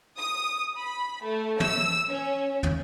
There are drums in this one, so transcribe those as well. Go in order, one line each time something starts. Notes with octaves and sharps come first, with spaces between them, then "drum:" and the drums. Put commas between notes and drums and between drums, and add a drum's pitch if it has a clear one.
D#6
B5
A3
E6, drum: tom
C#4
drum: tom